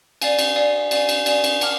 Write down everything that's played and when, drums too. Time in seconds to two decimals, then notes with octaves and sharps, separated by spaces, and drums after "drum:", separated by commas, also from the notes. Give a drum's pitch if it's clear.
0.22 D5 F5 G#5, drum: cymbal
0.39 drum: cymbal
0.56 D5 F5 G#5
0.91 D5 F5 G#5, drum: cymbal
1.09 drum: cymbal
1.26 D5 F5 G#5, drum: cymbal
1.44 drum: cymbal
1.61 F#5 A5 D6 F6, drum: cymbal